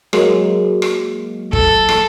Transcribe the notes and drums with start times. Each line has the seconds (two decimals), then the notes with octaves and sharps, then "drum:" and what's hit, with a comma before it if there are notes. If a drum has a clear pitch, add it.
0.13 F#3 G#3 A#3, drum: rim click
0.82 drum: rim click
1.53 A4, drum: kick
1.89 drum: rim click